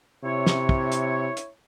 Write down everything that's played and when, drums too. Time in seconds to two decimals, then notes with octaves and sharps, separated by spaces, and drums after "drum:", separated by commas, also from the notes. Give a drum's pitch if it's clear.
0.24 C3 E4 C#5
0.46 drum: snare
0.69 drum: kick
0.92 drum: hi-hat
1.37 drum: hi-hat